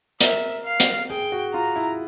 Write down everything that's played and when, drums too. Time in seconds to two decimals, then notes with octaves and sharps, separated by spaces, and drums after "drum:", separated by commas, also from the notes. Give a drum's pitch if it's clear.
0.21 A#4 E5, drum: hi-hat
0.65 F5
0.80 drum: hi-hat
1.10 G#4 G5
1.32 F#4
1.54 F4 A#5
1.76 E4